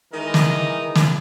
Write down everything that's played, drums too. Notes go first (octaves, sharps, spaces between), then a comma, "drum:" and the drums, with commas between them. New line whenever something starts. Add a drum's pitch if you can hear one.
D#3 E3 G#3 D#4 A#4 D#5
drum: snare
drum: snare